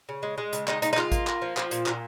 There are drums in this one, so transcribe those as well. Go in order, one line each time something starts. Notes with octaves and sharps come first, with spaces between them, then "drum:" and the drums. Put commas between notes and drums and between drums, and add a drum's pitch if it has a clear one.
C#3
G#3
G#3
C#3, drum: hi-hat
G#3 D#4, drum: clap
C#3 D#4, drum: hi-hat
D#4
G#3 F4, drum: clap
A#3, drum: kick G#1, hi-hat
A#3, drum: clap
F3
F3, drum: clap
A#2, drum: hi-hat
A#2, drum: clap